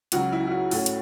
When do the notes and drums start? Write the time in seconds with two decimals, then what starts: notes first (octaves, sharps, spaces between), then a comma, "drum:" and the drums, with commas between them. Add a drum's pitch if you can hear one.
0.12 C#2 C#3 F#3 F#4, drum: hi-hat
0.32 E4
0.47 E4
0.51 F#4
0.71 A2 A3 C#4 F#4, drum: open hi-hat
0.86 drum: hi-hat